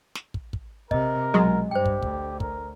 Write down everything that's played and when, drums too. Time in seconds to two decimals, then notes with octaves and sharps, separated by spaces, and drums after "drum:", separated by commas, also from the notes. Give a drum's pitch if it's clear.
0.15 drum: snare
0.34 drum: kick
0.53 drum: kick
0.91 C3 A#4 D#5, drum: kick
1.34 B1 F#3 G#3 D#5
1.71 G2 G4 C5 G5
1.86 drum: kick
2.02 D2, drum: kick
2.40 A#4, drum: kick